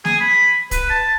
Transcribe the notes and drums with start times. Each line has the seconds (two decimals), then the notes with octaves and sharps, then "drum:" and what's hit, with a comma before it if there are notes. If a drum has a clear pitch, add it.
0.05 G#4, drum: snare
0.20 B5
0.71 B4, drum: kick, hi-hat
0.90 A5